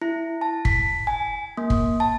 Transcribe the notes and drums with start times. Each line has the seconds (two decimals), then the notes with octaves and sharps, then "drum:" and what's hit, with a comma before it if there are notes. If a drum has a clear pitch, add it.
0.01 E4
0.41 A5
0.65 B6, drum: kick
1.07 G#5
1.57 A#3
1.70 drum: kick
2.00 A5